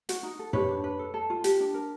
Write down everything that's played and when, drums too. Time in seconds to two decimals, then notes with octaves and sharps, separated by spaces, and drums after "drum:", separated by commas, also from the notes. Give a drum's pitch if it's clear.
0.09 F#4, drum: hi-hat
0.23 D#4
0.39 A4
0.53 G4 B4 C#5, drum: tom
0.68 D4
0.84 B4
0.99 A4
1.14 A4
1.30 F4
1.44 G4, drum: hi-hat
1.60 D4
1.74 A#4